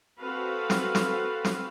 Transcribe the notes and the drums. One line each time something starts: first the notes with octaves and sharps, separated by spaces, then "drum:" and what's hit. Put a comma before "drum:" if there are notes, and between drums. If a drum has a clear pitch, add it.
C4 F#4 A4 B4 F5
drum: snare
drum: snare
drum: snare